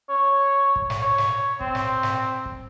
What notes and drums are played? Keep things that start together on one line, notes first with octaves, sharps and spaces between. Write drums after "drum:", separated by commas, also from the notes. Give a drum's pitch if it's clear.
C#5
drum: kick
drum: snare
C#5
drum: snare
C4, drum: kick
drum: snare
drum: snare
drum: kick